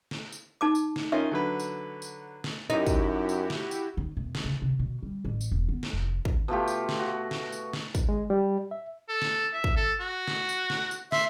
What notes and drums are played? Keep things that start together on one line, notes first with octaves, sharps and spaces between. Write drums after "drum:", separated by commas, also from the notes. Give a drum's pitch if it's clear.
drum: snare
drum: tambourine
D#4 A5 D6
drum: tambourine
drum: snare
D#3 C#4 F4 E5
D3 F#3 B4
drum: tambourine
drum: tambourine
drum: snare
F#2 D#4 E4 F#4 G4
drum: kick, tambourine
drum: tambourine
drum: snare
drum: tambourine
D#4
E1
drum: snare
C#3
C3
B2
G3
A1
drum: tambourine
E1
B3
drum: snare
F1
drum: kick
B2 A3 F4 G4
drum: tambourine
drum: snare
F#4
drum: snare
drum: tambourine
drum: snare
drum: kick, tambourine
G#3
G3
E5
A4
drum: snare
E5
drum: kick
A4
F#4
drum: snare
drum: tambourine
drum: snare
drum: tambourine
E5 C6, drum: snare